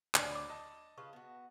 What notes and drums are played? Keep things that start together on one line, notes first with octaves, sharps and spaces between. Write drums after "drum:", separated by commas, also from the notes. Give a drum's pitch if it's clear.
D2 C#5 D5 A6, drum: clap
B5 D6
D#5 A5
C#3 F4 B4 C#6
B3 F#4